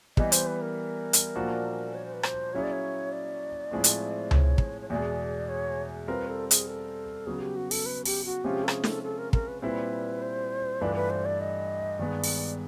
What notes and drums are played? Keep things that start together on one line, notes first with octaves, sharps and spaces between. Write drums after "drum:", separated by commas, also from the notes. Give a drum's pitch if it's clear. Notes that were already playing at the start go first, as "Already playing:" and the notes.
E3 G3 B3 D#5, drum: kick
C5, drum: hi-hat
B4
A#4
drum: hi-hat
A#2 F3 A#3 D4 F#4
C#5
C5
B4
C5, drum: rim click
F#3 A#3 C#4 E4 G#4 C#5
D5
C#5
D5
A2 F3 G#3 C4 E4
drum: hi-hat
D5, drum: tom C#2
C#5
drum: kick
C#5
E2 B2 G#3 D5
C#5
G3 C4 F4 A#4 B4
A4
A4
G#4, drum: hi-hat
A4
C#3 F#3 B3 G#4
G4
F#4
A4, drum: open hi-hat
B4
G4, drum: open hi-hat
F#4
C3 F3 G#3 C#4 F4 G4
A4
G#4, drum: rim click
A4, drum: snare
A4
A#4
A#4, drum: kick
B4
A#2 G3 C4 E4 B4
C5
G2 E3 A3 D4 F4 B4
B4
C5
D5
D#5
G2 D#3 G#3 B3 D5
drum: open hi-hat